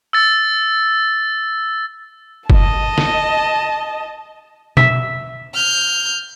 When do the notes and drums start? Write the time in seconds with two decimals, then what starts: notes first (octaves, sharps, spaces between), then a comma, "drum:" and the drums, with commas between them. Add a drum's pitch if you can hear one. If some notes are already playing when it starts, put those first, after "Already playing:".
0.13 E6 A6
2.50 D#5 A5, drum: kick F#1
2.98 drum: snare
4.77 E5, drum: tom B2
5.54 F6 G6